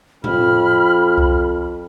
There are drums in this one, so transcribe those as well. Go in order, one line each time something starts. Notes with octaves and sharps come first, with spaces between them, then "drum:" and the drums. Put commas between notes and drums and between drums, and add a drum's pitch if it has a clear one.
F2 B5 F6, drum: tom A2
drum: kick C2